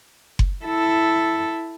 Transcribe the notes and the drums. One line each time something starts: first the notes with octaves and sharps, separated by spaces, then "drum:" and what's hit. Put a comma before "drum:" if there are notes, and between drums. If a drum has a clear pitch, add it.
drum: kick F#1
E4 A4